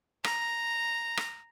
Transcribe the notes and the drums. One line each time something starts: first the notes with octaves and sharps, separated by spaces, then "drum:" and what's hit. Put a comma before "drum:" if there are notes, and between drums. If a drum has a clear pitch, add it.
A#5, drum: rim click
drum: rim click